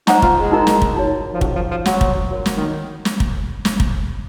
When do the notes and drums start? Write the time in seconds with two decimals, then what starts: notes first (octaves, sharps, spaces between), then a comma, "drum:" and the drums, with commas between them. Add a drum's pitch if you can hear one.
0.07 D#4 C5 F#5 A#5 C#6, drum: snare
0.22 F4, drum: kick
0.37 G#3
0.52 D#4 F#4 A#4 D#5 A#5
0.67 drum: snare
0.82 drum: kick
0.96 D#4 F#4 C#5
1.33 F3
1.41 F#3 C#4 G#4 C#5, drum: kick
1.56 F3
1.71 F3
1.86 F#3 C5 F#5 C6, drum: snare
2.01 drum: kick
2.31 F#4 A#4 C#5
2.46 drum: snare
2.56 D#3
3.05 drum: snare
3.20 drum: kick
3.65 drum: snare
3.80 drum: kick